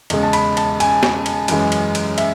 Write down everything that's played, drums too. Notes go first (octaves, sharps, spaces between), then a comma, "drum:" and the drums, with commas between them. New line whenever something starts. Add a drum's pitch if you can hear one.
E2 C#3 G#3, drum: cymbal
A5
B5, drum: cymbal
A5, drum: cymbal
G#5, drum: cymbal
drum: snare
drum: cymbal
F#2 E3 G#3, drum: cymbal
drum: cymbal
drum: cymbal
E5, drum: cymbal